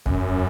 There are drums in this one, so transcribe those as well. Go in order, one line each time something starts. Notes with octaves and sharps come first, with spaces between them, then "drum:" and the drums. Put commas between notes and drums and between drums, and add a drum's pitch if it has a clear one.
F#2, drum: kick E2